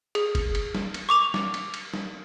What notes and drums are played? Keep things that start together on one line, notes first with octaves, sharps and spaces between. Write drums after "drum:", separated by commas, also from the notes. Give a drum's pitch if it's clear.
G#4, drum: cymbal
drum: kick, cymbal
drum: cymbal
drum: snare
drum: cymbal
C#6 D6 F7
drum: snare
drum: cymbal
drum: cymbal
drum: snare